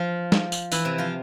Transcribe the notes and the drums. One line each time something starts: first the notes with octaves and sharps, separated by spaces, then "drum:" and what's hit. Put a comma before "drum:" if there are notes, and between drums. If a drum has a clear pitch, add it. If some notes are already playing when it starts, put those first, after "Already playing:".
Already playing: F3 F4
drum: snare
drum: tambourine
E3 E4, drum: tambourine
C3 C4
F3 F4